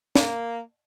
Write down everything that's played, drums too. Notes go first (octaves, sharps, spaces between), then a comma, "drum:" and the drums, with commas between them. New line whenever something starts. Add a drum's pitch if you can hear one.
A#3, drum: snare